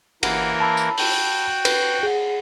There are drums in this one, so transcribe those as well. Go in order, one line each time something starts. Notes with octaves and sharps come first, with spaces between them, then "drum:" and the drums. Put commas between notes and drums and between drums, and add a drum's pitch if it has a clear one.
G1 E3 A#3 A#4 F#5, drum: cymbal
A5 B5 E6
drum: tambourine
F#4 G5, drum: open hi-hat
B4, drum: cymbal
G#4 F#5